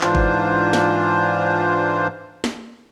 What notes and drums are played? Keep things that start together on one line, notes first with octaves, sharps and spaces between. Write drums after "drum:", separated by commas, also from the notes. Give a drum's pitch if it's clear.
G#2 E3 D4 F4 C5, drum: clap
drum: kick G#1
drum: snare
drum: snare